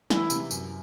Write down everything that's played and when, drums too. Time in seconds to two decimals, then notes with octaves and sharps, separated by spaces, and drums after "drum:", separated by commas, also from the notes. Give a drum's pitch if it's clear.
0.10 E3 E4, drum: snare
0.30 C3, drum: tambourine
0.51 F#2, drum: tambourine